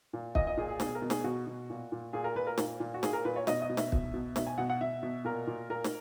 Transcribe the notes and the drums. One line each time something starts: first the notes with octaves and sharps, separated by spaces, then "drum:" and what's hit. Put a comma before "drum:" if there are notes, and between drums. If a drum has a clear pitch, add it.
A#2
A#2 D#5, drum: kick
D#5
A#2 G#4
G#4
B2 G#4, drum: snare
A#4
B2
G#4, drum: snare
B2 F#4
B2
A#2
A#2
A#2 G#4
A#4
A#2 B4
A#4
A#2, drum: snare
A#2
F#4
A#2 G#4, drum: snare
A#4
A#2 B4
C#5
B2 D#5, drum: snare
D#5
B2
E5, drum: snare
B2, drum: kick
B2
B2 E5, drum: snare
G#5
B2 F#5
F#5
B2 E5
B2
A#2 A#4
A#2
A#2 A#4
drum: snare